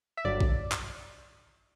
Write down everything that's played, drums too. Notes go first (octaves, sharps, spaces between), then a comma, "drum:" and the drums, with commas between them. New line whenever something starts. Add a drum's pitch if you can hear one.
E5
G1 G2 D3 F#3 D5
drum: kick A#1
drum: clap